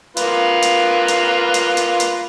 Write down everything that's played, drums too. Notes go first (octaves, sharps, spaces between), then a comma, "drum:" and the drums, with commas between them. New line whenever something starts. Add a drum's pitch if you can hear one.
A#3 F4 B4, drum: hi-hat
drum: hi-hat
drum: hi-hat
drum: hi-hat
drum: hi-hat
drum: hi-hat